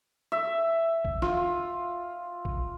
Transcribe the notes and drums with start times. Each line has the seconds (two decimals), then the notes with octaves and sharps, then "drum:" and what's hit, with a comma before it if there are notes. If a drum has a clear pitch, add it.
0.32 E5
1.05 drum: kick A#1
1.22 F4, drum: snare
2.45 drum: kick A#1